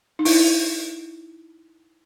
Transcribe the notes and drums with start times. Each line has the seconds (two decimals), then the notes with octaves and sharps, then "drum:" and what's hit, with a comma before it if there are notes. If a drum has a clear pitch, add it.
0.19 D#4
0.25 E4, drum: open hi-hat